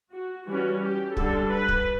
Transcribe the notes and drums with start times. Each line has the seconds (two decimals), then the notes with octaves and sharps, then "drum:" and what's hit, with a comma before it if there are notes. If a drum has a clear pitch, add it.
0.12 F#4
0.47 E3 G3 C#4 F#4
0.82 G4
1.17 D3 G3 D4 A4, drum: kick
1.51 B4
1.68 drum: kick